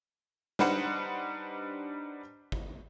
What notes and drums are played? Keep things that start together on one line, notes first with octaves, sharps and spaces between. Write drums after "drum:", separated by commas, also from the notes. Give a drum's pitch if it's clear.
G3 D4 D#4 B4 C5 F#5, drum: snare
drum: kick